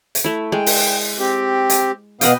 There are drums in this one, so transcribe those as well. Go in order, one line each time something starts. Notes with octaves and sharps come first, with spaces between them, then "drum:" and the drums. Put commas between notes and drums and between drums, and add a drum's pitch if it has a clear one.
drum: hi-hat
A3 E4
G#3 G5
drum: open hi-hat
C4 G4
drum: hi-hat
B2 B3 B4 D#5 F5 G5 D#6, drum: hi-hat